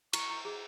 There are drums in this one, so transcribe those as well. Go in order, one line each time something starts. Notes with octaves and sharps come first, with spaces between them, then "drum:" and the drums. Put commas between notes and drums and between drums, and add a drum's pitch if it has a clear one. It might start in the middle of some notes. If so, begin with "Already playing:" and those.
E4 C#6, drum: cymbal
E4
G#4